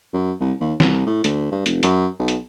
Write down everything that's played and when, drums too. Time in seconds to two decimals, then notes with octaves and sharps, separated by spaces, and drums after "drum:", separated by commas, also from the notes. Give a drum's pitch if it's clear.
0.13 F#2
0.40 C2
0.60 D#2
0.80 C2, drum: snare
1.06 A2
1.24 D2, drum: hi-hat
1.52 G2
1.66 F1, drum: hi-hat
1.83 F#2, drum: hi-hat
2.19 B1
2.28 drum: hi-hat